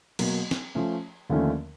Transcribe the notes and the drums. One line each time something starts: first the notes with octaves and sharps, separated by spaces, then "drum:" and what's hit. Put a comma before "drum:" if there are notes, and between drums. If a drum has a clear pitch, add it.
B2 F#3 A#3, drum: cymbal
drum: snare
F3 A3 C#4
D#2 D3 F3 A3 C#4